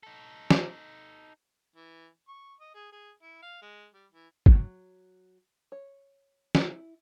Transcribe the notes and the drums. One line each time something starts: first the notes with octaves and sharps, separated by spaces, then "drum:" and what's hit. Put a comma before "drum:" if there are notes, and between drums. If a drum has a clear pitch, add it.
D#4 A4
drum: snare
E3
C#6
D#5
G#4
G#4
E4
F5
G#3
G3
E3
F#3, drum: kick
C#5
E4, drum: snare